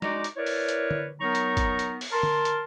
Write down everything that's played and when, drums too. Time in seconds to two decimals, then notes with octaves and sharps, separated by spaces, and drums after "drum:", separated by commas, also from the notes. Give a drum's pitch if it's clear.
0.02 G#3 D#4 F#4 D5 A#5 D6, drum: snare
0.24 drum: hi-hat
0.37 E4 A#4 B4 C#5 D5
0.46 drum: open hi-hat
0.69 drum: hi-hat
0.91 drum: tom D3
1.21 F#3 B3 D#4 A#4 A#5 C#6
1.35 drum: hi-hat
1.57 drum: kick G#1, hi-hat
1.79 drum: hi-hat
2.01 drum: open hi-hat
2.12 A#4 A5 C6
2.23 drum: tom D3
2.45 drum: hi-hat